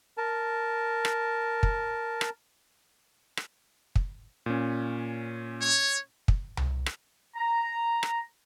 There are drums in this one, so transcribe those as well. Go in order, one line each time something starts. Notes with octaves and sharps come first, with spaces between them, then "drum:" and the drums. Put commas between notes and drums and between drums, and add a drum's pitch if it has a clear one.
A#4 A5
drum: rim click
drum: kick
drum: rim click
drum: rim click
drum: kick
A#2 C#4
C#5
drum: kick
drum: tom C2
drum: rim click
A#5
drum: rim click